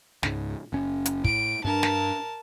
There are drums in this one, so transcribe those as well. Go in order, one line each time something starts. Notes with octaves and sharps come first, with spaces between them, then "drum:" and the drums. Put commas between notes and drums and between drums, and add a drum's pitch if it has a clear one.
C#2 G#2, drum: snare
F#1 C#4
drum: hi-hat
A2 D7, drum: kick
G2 D4 A#4 A5
drum: snare